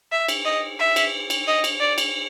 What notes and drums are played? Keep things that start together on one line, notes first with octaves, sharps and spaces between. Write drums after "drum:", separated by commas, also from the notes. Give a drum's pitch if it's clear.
E5
drum: cymbal
D#5
E5
drum: cymbal
drum: cymbal
D#5
drum: cymbal
D5
drum: cymbal